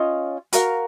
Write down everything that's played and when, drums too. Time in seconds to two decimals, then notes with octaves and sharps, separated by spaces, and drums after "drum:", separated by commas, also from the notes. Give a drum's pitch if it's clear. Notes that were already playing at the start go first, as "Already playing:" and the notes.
Already playing: C#4 F4 D#5
0.53 F#4 A#4 F5, drum: hi-hat